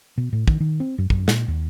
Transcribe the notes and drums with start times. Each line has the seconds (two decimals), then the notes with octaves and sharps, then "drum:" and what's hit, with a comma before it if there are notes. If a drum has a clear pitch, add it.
0.17 B2
0.33 A2
0.48 D#3, drum: kick
0.60 D#3
0.80 C4
0.98 F#2
1.10 F#2, drum: kick
1.28 A#2, drum: snare
1.48 D#2